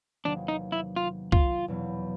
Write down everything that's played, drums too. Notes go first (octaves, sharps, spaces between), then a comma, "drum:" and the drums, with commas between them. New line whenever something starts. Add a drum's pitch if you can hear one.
E2 C3 D#3 F#3 A#3 D4
D#4
E4
F4
F4, drum: kick
F1 E2 B2 F#3